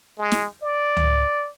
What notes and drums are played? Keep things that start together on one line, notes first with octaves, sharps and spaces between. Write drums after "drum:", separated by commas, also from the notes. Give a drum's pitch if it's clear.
G#3
drum: snare
D5
drum: tom C#2